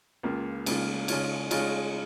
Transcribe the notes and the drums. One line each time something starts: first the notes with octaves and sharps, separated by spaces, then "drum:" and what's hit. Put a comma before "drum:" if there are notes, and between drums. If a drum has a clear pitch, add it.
C#2 C#3 A#3 F4
C#2 C#3 A#3 F4, drum: cymbal
C#3 G#3 F4 C#5, drum: cymbal
C#3 G#3 F4 C#5, drum: cymbal